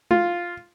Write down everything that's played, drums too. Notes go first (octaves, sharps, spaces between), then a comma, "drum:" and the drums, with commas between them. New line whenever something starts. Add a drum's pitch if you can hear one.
F4, drum: tom G#3